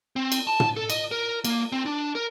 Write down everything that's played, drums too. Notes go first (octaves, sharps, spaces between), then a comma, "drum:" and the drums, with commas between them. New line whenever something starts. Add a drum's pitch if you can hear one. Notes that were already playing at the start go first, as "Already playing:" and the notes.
C4
drum: cymbal
A5
drum: tom
A4
D#5, drum: cymbal
A#4
A#3, drum: cymbal
C4
D4
A#4